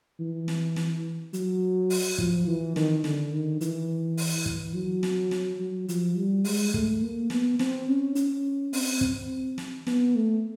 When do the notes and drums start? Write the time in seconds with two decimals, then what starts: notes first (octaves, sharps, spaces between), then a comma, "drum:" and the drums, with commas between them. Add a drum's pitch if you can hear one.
0.19 E3
0.48 drum: snare
0.76 drum: snare
1.33 F#3, drum: hi-hat
1.90 drum: open hi-hat
2.18 F3, drum: kick
2.47 E3
2.76 D#3, drum: snare
3.04 D3, drum: snare
3.32 D#3
3.61 E3, drum: hi-hat
4.17 drum: open hi-hat
4.46 E3, drum: kick
4.74 F#3
5.03 drum: snare
5.31 drum: snare
5.59 F#3
5.89 F3, drum: hi-hat
6.16 G3
6.44 G#3, drum: open hi-hat
6.74 A3, drum: kick
7.02 A#3
7.30 B3, drum: snare
7.59 C4, drum: snare
7.87 C#4
8.15 C#4, drum: hi-hat
8.73 C4, drum: open hi-hat
9.01 C4, drum: kick
9.58 drum: snare
9.87 B3, drum: snare
10.15 A3